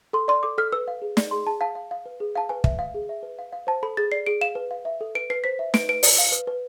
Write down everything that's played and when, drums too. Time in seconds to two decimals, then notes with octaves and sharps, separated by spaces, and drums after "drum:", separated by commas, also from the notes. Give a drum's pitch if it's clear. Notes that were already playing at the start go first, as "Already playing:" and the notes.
0.13 A4 C6
0.28 D5 C6
0.43 A4 D6
0.58 A4 F6
0.72 B4 E6
0.88 F5
1.02 G#4
1.17 D5, drum: snare
1.31 G#4 C6
1.47 G#4 A5
1.61 F5 A5
1.75 F5
1.91 F5
2.06 B4
2.20 G#4
2.35 F5 A5
2.49 B4 G#5
2.64 E5, drum: kick
2.79 F5
2.94 G#4
3.09 E5
3.23 B4
3.39 F5
3.52 F5
3.67 C5 A5
3.83 A4 B5
3.97 G#4 A6
4.12 D5 C7
4.26 G#4 D7
4.41 F5 E7
4.55 B4
4.71 F5
4.85 E5
5.01 A4
5.15 B4 D7
5.30 B4 C7
5.44 C5 B6
5.59 E5
5.74 B4 D7, drum: snare
5.89 B4 D7
6.03 D5, drum: open hi-hat
6.19 F5
6.32 B4
6.47 B4